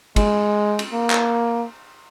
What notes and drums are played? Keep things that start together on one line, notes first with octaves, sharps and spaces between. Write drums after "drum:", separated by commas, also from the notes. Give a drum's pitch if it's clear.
G#3, drum: kick, cymbal
drum: cymbal
A#3
drum: clap